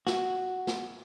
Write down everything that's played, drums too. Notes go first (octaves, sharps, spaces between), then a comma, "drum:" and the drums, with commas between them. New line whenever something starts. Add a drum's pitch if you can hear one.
F#4, drum: snare
drum: snare